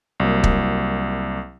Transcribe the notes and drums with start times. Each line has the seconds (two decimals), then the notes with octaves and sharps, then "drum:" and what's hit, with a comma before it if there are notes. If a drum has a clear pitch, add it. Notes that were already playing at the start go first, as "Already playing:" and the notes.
0.20 C2 F#3 A#3
0.44 drum: kick